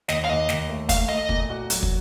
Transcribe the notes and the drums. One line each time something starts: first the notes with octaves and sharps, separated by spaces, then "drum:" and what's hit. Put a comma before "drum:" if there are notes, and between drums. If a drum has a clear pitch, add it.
D#2 D#5, drum: snare
F5
D#2 D#5
D#2, drum: snare
A3
A3 F5, drum: kick, hi-hat
A3 D#5
A#2, drum: kick
F#4
F#3, drum: hi-hat
drum: kick